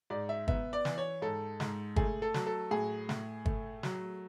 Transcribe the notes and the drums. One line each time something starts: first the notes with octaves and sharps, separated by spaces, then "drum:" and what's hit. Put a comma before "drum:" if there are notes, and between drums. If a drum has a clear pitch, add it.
G#2 D5
E5
B3 E5, drum: kick
D5
E3, drum: snare
C#5
G#2 A4
G#2, drum: snare
A3 G#4, drum: kick
A4
F#3, drum: snare
A4
A2 G#4
A2, drum: snare
A3, drum: kick
F#3, drum: snare